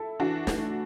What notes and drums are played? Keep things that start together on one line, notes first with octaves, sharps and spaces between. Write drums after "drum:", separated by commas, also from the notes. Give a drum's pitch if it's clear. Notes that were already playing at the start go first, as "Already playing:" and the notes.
Already playing: E4 A4
E3 D4 F#4
A3, drum: snare